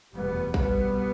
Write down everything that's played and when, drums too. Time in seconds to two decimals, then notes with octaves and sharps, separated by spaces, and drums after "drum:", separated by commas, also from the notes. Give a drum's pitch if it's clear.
0.14 F1 E2 B2 G3 B3
0.54 C2 B2 G3 B3, drum: kick